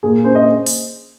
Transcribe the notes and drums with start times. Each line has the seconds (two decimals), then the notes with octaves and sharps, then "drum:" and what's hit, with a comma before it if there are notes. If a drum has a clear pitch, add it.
0.03 A#2 G#4
0.24 C#4 C5
0.35 D#5
0.66 drum: open hi-hat